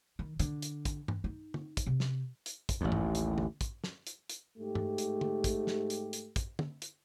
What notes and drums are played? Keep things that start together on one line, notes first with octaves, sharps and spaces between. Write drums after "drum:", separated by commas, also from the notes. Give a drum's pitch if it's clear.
D#3
D3, drum: hi-hat
drum: hi-hat
drum: kick, hi-hat
drum: tom G2
D#4
drum: tom
drum: kick, hi-hat
C3
drum: snare
drum: hi-hat
drum: kick, hi-hat
A1 D#2
drum: tom G2
drum: hi-hat
drum: tom
drum: kick, hi-hat
drum: snare
drum: hi-hat
drum: hi-hat
G#2 A3 G4
drum: tom G2
drum: hi-hat
drum: tom D3
drum: kick, hi-hat
drum: snare
drum: hi-hat
drum: hi-hat
drum: kick, hi-hat
drum: tom
drum: hi-hat